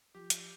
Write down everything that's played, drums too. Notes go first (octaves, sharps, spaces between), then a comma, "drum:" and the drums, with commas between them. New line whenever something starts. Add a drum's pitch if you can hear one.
F3 G4
drum: hi-hat